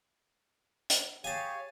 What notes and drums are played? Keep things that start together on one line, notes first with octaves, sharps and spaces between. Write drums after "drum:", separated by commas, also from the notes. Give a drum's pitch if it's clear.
drum: hi-hat
G4 G#4 C#5 F5 G#5 A5